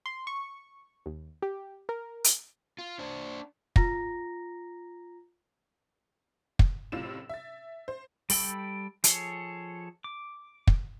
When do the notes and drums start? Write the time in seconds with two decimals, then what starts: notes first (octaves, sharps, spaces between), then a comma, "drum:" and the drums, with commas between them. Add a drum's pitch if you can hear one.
0.06 C6
0.27 C#6
1.06 D#2
1.42 G4
1.89 A#4
2.24 drum: hi-hat
2.79 F4
2.99 D4 C5
3.76 F4 A#5 A#6, drum: kick
6.59 drum: kick
6.92 F#1 A2 C3 F4 E7
7.29 E5 A6
7.88 C5
8.30 G3 A4 G5 B5 E6, drum: open hi-hat
9.04 F3 G#4 A4 C#5, drum: hi-hat
10.04 D6
10.67 drum: kick